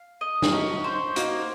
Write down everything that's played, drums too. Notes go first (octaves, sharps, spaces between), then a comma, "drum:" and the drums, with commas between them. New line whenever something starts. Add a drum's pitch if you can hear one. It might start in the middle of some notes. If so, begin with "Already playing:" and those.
Already playing: F5
D#5
F4, drum: snare
C#4 D#4 F#4
C5
A#3 D#4 F#4, drum: hi-hat